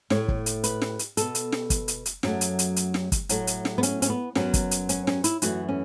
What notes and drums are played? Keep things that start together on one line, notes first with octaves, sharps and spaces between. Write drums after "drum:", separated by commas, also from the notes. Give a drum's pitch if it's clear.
A2 A3 C#5, drum: snare
drum: kick
drum: hi-hat
B4, drum: hi-hat
drum: snare
drum: hi-hat
B2 B3 A4, drum: hi-hat
drum: hi-hat
drum: snare
drum: kick, hi-hat
drum: hi-hat
drum: hi-hat
F#2 F#3 A3, drum: snare
drum: hi-hat
drum: hi-hat
drum: hi-hat
drum: snare
drum: kick, hi-hat
A2 F#3 A3, drum: hi-hat
drum: hi-hat
drum: snare
B3
C#4, drum: hi-hat
C#4, drum: hi-hat
B3
F#2 F#3 B3 C#4, drum: snare
drum: kick, hi-hat
drum: hi-hat
C#4, drum: hi-hat
C#4, drum: snare
E4, drum: hi-hat
F#2 E3 A3 F#4, drum: hi-hat
C#4